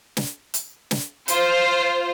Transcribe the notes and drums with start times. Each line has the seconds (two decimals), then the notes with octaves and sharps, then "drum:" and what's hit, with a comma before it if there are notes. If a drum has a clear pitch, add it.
0.17 drum: snare
0.54 drum: hi-hat
0.91 drum: snare
1.28 F4 C5, drum: hi-hat